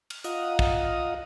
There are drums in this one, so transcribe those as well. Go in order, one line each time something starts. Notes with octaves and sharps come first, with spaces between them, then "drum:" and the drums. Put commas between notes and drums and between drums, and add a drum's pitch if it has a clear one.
F6, drum: cymbal
F4 D#5 F5 F#5 A#5 D#6, drum: hi-hat
drum: kick